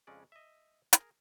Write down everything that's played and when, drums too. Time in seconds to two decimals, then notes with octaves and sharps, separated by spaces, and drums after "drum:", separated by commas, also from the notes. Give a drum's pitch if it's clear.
0.07 F2 C#3 G#3 C#4 D5
0.32 D#5 E5
0.93 G#4 A#4, drum: hi-hat